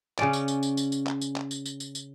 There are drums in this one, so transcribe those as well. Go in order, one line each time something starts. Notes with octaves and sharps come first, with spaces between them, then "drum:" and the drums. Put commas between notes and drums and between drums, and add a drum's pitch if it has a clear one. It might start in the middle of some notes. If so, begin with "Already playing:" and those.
C#3 C#4 D5, drum: clap
drum: tambourine
drum: tambourine
drum: tambourine
drum: tambourine
drum: tambourine
drum: clap
drum: tambourine
drum: clap
drum: tambourine
drum: tambourine
drum: tambourine
drum: tambourine